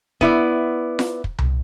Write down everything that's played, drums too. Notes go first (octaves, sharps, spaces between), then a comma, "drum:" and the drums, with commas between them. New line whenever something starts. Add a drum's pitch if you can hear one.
B3 E4 D5, drum: kick
drum: snare F4
drum: kick
drum: tom C2